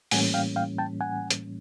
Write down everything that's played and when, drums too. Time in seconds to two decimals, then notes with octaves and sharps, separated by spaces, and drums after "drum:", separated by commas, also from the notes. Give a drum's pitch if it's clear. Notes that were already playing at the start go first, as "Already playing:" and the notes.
0.11 A2 E3 G3 A#3 C#4 F#5 G#5, drum: open hi-hat
0.34 F5 G5
0.56 F5 G5
0.78 G5 A5
1.01 F#5 G#5
1.30 drum: hi-hat